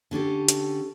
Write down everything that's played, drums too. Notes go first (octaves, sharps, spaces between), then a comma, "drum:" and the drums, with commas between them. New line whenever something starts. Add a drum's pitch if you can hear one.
D3 C#4 G4 A4
drum: hi-hat